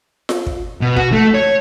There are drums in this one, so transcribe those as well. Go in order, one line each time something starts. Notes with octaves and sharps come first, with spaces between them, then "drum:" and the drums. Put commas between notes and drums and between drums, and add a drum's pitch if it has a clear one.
drum: snare F4
drum: kick
B2
F#4, drum: kick
A3
C#5